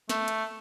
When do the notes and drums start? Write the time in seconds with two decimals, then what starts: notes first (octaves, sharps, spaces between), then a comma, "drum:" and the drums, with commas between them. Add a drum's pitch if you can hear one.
0.10 A3, drum: snare
0.28 drum: hi-hat